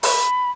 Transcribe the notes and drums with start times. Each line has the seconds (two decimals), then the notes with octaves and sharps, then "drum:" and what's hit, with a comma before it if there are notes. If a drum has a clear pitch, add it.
0.03 B5, drum: open hi-hat